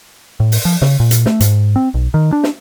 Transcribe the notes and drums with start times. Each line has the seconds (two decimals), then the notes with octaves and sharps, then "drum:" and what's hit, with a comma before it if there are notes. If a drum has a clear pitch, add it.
0.40 A2
0.52 drum: open hi-hat
0.65 F3
0.82 C#3, drum: snare
1.00 A#2
1.11 drum: hi-hat
1.26 A3, drum: snare
1.40 G#2, drum: hi-hat
1.76 C4
1.94 B1
2.14 D#3
2.32 D4
2.43 drum: snare